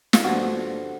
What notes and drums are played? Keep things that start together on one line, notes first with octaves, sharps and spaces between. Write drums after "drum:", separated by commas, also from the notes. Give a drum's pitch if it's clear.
F4, drum: snare
G2 D3 F3 F#4